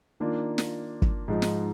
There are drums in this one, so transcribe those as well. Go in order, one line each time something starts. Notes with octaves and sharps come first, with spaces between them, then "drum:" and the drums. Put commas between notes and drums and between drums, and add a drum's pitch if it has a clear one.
D#3 A#3 D4 F4
drum: snare
drum: kick
G#2 F3 G#3 D#4
drum: snare